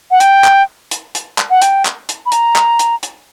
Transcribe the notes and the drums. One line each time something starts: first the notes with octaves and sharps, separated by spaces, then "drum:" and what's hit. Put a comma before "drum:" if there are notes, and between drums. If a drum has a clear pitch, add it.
F#5
G5, drum: hi-hat
drum: clap
drum: hi-hat
drum: hi-hat
drum: clap
F#5
G5, drum: hi-hat
drum: clap
drum: hi-hat
B5
A#5, drum: hi-hat
drum: clap
drum: hi-hat
drum: hi-hat